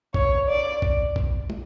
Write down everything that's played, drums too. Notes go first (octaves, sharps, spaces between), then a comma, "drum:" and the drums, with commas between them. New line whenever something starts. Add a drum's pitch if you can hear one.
C#5, drum: kick
D5
drum: kick
drum: kick
drum: tom